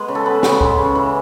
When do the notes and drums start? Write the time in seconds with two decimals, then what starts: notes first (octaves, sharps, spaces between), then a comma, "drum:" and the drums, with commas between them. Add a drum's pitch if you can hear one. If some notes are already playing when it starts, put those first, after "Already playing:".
Already playing: G#3 B3 B4
0.08 C#3
0.15 A4
0.25 B3 B4
0.43 C#3, drum: snare
0.61 G#3, drum: kick
0.78 C#3
0.95 E3